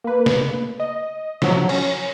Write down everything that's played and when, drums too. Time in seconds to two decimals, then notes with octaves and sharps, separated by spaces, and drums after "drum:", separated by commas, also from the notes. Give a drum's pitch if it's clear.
0.04 A#3 B4
0.26 drum: snare
0.80 D#5
1.42 F3 F#3, drum: snare
1.69 C#4, drum: cymbal